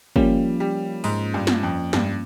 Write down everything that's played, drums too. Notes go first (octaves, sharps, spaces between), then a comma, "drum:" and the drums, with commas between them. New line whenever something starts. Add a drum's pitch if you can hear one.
F3 G3 A#3 C#4 F4, drum: kick
G3
G#2, drum: open hi-hat
G2
drum: snare
F2
G2, drum: snare